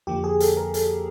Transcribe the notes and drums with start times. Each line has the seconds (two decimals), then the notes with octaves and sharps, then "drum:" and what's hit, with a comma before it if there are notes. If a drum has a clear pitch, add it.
0.07 F2 D3 F3 A#3 G4
0.24 G#4
0.40 A4, drum: hi-hat
0.57 A#4
0.74 A4, drum: hi-hat